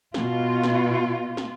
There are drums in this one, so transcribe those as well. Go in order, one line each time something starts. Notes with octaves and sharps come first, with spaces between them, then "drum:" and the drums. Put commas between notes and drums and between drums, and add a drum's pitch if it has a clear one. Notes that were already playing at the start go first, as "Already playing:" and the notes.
B2 F4, drum: snare
drum: snare
drum: snare